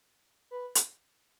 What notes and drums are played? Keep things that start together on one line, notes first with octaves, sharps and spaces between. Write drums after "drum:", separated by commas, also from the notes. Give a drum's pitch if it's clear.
B4
drum: hi-hat